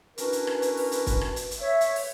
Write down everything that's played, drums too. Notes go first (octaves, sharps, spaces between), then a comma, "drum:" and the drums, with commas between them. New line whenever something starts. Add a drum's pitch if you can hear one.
C#4 D4 E4 F#4 A#4 B4, drum: hi-hat
drum: hi-hat
drum: rim click
drum: hi-hat
drum: open hi-hat
drum: hi-hat
drum: kick, hi-hat
drum: rim click
drum: hi-hat
drum: hi-hat
C#5 E5
drum: hi-hat
drum: open hi-hat